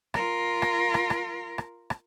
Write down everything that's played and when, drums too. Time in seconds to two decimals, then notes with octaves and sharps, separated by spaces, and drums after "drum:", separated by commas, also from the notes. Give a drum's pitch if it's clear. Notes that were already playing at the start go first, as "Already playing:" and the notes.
0.14 F4 A#4, drum: rim click
0.62 drum: rim click
0.94 drum: rim click
1.10 drum: rim click
1.58 drum: rim click
1.90 drum: rim click